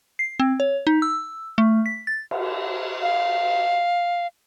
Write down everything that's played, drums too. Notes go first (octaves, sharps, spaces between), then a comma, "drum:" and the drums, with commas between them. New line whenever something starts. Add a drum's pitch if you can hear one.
C7
C4
C#5
D#4
E6
A3
B6
A6
drum: cymbal
F5